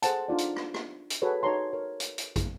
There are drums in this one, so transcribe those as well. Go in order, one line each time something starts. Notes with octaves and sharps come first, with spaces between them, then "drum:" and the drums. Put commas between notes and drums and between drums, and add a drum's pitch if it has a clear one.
G#4 A4 C5 F#5 A5, drum: hi-hat
D4 D#4 F4 D5
drum: hi-hat
drum: rim click
drum: rim click
drum: hi-hat
F#4 G#4 A4 B4 C#5
D#4 F#4 C#5 A5 A#5 C6
A#4 C#5
drum: hi-hat
drum: hi-hat
drum: kick, hi-hat